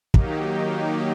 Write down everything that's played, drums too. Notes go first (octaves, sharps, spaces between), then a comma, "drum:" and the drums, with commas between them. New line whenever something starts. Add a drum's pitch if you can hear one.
D#3 F#3 A#3 D#4 G4, drum: kick